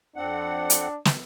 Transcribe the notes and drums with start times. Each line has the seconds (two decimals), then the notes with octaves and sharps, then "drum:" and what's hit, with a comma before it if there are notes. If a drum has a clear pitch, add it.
0.16 F2 C4 D4 F#5
0.70 drum: hi-hat
1.05 drum: snare